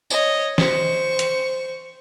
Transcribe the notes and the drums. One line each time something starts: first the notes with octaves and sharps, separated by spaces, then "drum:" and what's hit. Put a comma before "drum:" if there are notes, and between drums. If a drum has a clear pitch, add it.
C#5 D#5, drum: tambourine
C5 C#6, drum: snare
drum: hi-hat